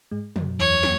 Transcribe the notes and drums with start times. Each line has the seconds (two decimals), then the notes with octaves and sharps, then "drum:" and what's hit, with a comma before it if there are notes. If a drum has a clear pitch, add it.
0.11 G#2 G#3
0.36 F#2 F#3, drum: tom
0.59 E2 E3 C#5
0.75 E3
0.83 F#3, drum: snare